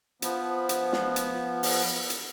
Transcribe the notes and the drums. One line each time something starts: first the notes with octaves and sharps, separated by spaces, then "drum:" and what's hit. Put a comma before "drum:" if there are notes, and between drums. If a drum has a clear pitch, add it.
F3 B3, drum: hi-hat
drum: hi-hat
drum: snare
drum: hi-hat
drum: open hi-hat
drum: hi-hat